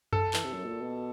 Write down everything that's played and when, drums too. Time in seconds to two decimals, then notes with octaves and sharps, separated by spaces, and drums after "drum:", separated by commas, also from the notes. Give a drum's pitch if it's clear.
0.13 A4, drum: tom F#2
0.33 E3, drum: clap
0.44 C3
0.54 F#2
0.64 B2
0.68 A#2
0.82 B2